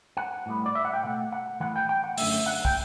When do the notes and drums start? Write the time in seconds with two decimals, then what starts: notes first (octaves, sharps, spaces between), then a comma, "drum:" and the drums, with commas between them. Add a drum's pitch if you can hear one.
0.17 F#5
0.46 A2 G3 B3
0.66 D5
0.75 E5
0.85 F#5
0.93 G5
1.03 B2 A3 F#5
1.32 F#5
1.60 A2 E3 B3 F#5
1.76 G5
1.89 G5
2.04 F#5
2.17 F#2 D3 A3 E5, drum: open hi-hat
2.46 F#5
2.65 G5, drum: kick